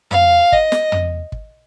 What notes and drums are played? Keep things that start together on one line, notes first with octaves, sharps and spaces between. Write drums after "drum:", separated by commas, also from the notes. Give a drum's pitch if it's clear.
F5, drum: tom
D#5, drum: kick
drum: snare
drum: tom
drum: kick